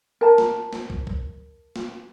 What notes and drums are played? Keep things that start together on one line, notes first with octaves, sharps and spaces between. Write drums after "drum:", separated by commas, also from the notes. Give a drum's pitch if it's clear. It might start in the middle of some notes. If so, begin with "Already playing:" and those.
A#4 A5 A#5
drum: snare
drum: snare
drum: kick
drum: kick
drum: snare